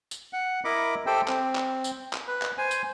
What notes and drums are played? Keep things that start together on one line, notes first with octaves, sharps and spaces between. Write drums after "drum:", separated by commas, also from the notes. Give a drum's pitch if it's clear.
drum: tambourine
F#5
E4 A#4 D#5 B5 D6
G4 A4 C5 E5 G5
C4, drum: clap
drum: clap
drum: tambourine
drum: clap
B4
drum: clap
C5 G#5
drum: tambourine